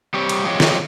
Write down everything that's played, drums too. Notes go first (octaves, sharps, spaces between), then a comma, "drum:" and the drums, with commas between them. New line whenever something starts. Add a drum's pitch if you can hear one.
G3 C4 G4 C#5
drum: cymbal
F3 G#3 C4 G4 C#5
drum: snare